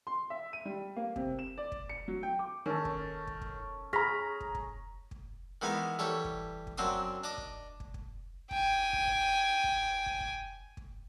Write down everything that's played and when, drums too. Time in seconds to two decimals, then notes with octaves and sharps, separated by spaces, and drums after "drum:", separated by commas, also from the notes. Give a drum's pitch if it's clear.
0.07 C6
0.30 E5
0.53 D#7
0.65 G3
0.96 A#3
1.16 C3, drum: kick
1.39 E7
1.58 D5
1.72 drum: kick
1.89 C#7
2.08 F#3
2.23 G5
2.39 D6
2.66 D#3 C#4 A4 A#4
2.85 drum: kick
3.27 drum: kick
3.41 drum: kick
3.93 G#4 A#5 C#6 F6 A#6 B6
4.40 drum: kick
4.55 drum: kick
5.11 drum: kick
5.62 D#3 E3 G#3 B3 D#4 G#5
5.99 E3 G3 A4 C#5
6.24 drum: kick
6.67 drum: kick
6.78 F#2 F#3 C4 D4 C6 D#6
7.24 D4 D#5 D6
7.38 drum: kick
7.80 drum: kick
7.94 drum: kick
8.51 G5 G#5, drum: kick
8.93 drum: kick
9.07 drum: kick
9.64 drum: kick
10.06 drum: kick
10.21 drum: kick
10.77 drum: kick